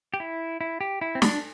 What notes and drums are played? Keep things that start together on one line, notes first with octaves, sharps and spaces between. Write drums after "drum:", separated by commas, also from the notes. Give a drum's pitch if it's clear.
G4
E4
E4
G4
E4
C4
D4, drum: snare